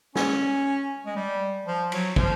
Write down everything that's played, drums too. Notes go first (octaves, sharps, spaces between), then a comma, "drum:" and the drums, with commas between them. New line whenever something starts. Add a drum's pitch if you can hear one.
C#4, drum: snare
G#3
G3
F3
F#3, drum: cymbal
F3, drum: kick